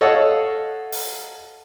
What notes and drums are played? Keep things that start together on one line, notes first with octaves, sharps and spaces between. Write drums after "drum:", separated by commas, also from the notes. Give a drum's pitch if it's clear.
A4 C#5 D#5 F5 F#5 A5
drum: open hi-hat